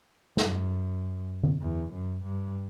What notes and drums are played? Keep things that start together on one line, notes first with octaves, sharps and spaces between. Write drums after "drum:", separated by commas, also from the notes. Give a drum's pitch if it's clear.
F#2, drum: snare
drum: tom D3
E2
F#2
G2